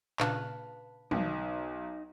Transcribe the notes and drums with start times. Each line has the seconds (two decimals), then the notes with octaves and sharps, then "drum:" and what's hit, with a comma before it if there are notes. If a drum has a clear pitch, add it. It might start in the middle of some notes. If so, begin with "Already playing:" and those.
0.20 A#2 C#3 D4 B4 F5 A5, drum: clap
1.11 B1 D#4, drum: tom